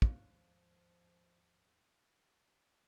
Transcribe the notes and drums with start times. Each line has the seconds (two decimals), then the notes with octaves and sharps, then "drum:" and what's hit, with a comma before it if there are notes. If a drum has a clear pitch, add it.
0.02 D#2 G#2 F3 F5 F#6, drum: kick